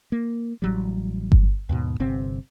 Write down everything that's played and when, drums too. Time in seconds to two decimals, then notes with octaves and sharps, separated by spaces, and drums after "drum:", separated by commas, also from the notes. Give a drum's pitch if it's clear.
0.12 A#3
0.62 A1 F#3 G3
1.32 drum: kick G1
1.69 D#2 G#2 B2
2.00 G1 C3 C4